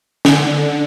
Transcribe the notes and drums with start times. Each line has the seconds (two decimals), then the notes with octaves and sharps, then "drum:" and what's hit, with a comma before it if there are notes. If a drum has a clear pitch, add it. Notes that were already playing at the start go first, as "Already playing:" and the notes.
0.25 D3, drum: snare